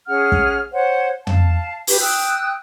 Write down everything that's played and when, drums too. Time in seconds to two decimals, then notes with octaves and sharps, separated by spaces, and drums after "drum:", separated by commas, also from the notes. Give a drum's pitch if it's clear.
0.08 C#4 G#4 F#5 F6
0.32 drum: kick
0.72 C5 C#5 F#5
1.27 F5 A5, drum: tom
1.87 G4 B4, drum: open hi-hat
2.00 G5 D#6 E6 F#6